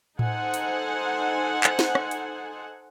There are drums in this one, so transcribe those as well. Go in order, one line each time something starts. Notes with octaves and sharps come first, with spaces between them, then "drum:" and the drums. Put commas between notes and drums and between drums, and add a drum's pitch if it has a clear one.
D#4 A4 C5 F#5 G#5, drum: tom A2
drum: hi-hat
drum: clap
drum: snare
drum: rim click
drum: hi-hat